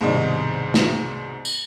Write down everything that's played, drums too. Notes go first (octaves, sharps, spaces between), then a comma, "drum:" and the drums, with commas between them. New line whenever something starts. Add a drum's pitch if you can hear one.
C2 G#2 B2 D#3 G3 D#5
drum: snare
drum: tambourine